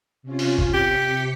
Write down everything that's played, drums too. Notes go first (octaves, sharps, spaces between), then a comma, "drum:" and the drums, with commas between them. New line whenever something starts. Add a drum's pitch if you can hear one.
C3 C#4 F4
drum: open hi-hat
drum: kick
C3 G4 B6 C#7